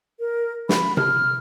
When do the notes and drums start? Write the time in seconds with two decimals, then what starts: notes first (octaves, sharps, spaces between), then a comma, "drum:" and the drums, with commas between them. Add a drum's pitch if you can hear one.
0.20 A#4
0.69 B5, drum: snare
0.97 F6, drum: tom C3